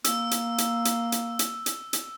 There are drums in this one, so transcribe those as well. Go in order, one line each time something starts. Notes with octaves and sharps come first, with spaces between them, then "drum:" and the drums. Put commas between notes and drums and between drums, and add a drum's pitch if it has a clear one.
A#3 E6, drum: hi-hat
drum: hi-hat
drum: hi-hat
drum: hi-hat
drum: hi-hat
drum: hi-hat
drum: hi-hat
drum: hi-hat